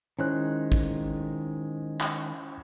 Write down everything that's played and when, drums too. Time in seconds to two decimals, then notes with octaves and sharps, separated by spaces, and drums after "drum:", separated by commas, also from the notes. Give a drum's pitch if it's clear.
0.19 D#3 G#3 C#4 E4 C5 F#6
0.72 drum: kick A1
2.00 drum: clap